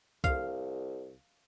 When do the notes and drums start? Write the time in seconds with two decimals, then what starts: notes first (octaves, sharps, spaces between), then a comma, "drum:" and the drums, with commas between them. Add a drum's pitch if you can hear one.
0.24 C2 F5, drum: kick C2